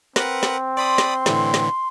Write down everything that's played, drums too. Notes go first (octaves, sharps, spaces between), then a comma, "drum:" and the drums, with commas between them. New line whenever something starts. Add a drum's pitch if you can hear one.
C4 A#4 B4 F#5, drum: snare
drum: snare
D5 B5 C6 D#6
drum: snare
A2 D3 E3, drum: snare
drum: snare